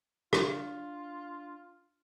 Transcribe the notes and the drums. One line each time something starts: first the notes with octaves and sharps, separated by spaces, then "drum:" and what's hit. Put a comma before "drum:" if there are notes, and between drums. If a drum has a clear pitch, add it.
D4 F4, drum: rim click